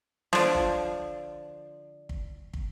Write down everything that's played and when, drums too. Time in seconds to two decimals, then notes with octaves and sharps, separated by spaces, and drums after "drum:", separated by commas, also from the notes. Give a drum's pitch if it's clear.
0.33 D3 F3, drum: snare
0.55 drum: kick
2.09 drum: kick
2.54 drum: kick